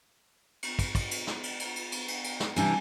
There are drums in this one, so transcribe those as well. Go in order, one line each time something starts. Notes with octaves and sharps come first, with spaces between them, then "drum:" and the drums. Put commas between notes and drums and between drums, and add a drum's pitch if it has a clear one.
drum: cymbal
drum: kick, cymbal
drum: kick, cymbal
drum: cymbal
drum: snare
drum: cymbal
drum: cymbal
drum: cymbal
drum: cymbal
drum: cymbal
drum: cymbal
drum: snare
C3 E3 G3 C4 D4 E4 G#5, drum: cymbal